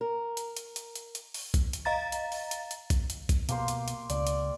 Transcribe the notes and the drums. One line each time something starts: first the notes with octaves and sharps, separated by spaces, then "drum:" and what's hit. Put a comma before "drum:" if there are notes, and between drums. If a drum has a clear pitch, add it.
A#4
drum: hi-hat
drum: hi-hat
drum: hi-hat
drum: hi-hat
drum: hi-hat
drum: open hi-hat
drum: kick, hi-hat
drum: hi-hat
D#5 F5 A#5 A6
drum: hi-hat
drum: open hi-hat
drum: hi-hat
drum: hi-hat
drum: kick, hi-hat
drum: hi-hat
drum: kick, hi-hat
B2 A#3 G4 C5, drum: hi-hat
drum: hi-hat
drum: hi-hat
C#2 D5, drum: hi-hat
drum: hi-hat